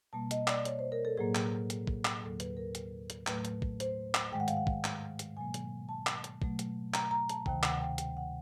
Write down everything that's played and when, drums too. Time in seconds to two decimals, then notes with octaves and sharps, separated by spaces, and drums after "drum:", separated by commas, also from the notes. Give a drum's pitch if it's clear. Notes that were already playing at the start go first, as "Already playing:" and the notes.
0.13 B2 G3 A#3 A5
0.31 D#5, drum: hi-hat
0.47 D5, drum: clap
0.65 C#5, drum: hi-hat
0.79 C5
0.92 A#4
1.05 A4
1.17 A2 F#3 A#3 G#4
1.35 drum: clap
1.70 drum: hi-hat
1.87 drum: kick
2.05 drum: clap
2.23 D#2 D3 F#3 A#3 A4
2.40 B4, drum: hi-hat
2.57 A#4
2.75 drum: hi-hat
3.10 drum: hi-hat
3.27 A2 F#3 A3 B4, drum: clap
3.45 drum: hi-hat
3.62 drum: kick
3.80 C5, drum: hi-hat
4.14 drum: clap
4.32 G#2 D#3 G#3 G5
4.40 F#5
4.48 F5, drum: hi-hat
4.57 F#5
4.67 drum: kick
4.84 drum: clap
5.19 drum: hi-hat
5.36 B2 F#3 A#3 G#5
5.54 drum: hi-hat
5.89 A5
6.07 drum: clap
6.24 drum: hi-hat
6.42 B2 F#3 A3, drum: kick
6.59 drum: hi-hat
6.94 A#5, drum: clap
7.11 A#5
7.29 A5, drum: hi-hat
7.46 D2 C3 D#3 G5, drum: kick
7.63 F#5, drum: clap
7.81 G5
7.98 G5, drum: hi-hat
8.17 F#5